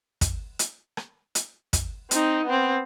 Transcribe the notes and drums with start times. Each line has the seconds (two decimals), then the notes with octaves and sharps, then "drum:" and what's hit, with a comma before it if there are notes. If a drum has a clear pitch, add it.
0.21 drum: kick, hi-hat
0.59 drum: hi-hat
0.97 drum: rim click
1.35 drum: hi-hat
1.73 drum: kick, hi-hat
2.11 C4 D#4, drum: hi-hat
2.46 B3 C4